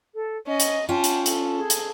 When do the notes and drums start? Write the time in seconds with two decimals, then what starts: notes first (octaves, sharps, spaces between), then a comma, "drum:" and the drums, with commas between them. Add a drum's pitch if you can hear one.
0.14 A4
0.47 C#4 D#5
0.60 drum: hi-hat
0.89 C#4 F4 G5 A5
1.04 drum: hi-hat
1.26 A4, drum: hi-hat
1.56 G#4
1.70 drum: hi-hat